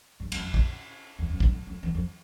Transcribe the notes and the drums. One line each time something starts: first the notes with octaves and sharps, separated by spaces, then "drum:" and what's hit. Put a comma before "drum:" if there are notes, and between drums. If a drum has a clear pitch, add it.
G2
F#2, drum: cymbal
F2
drum: kick
E2
F2
F#2, drum: kick
F2
F2
E2
F2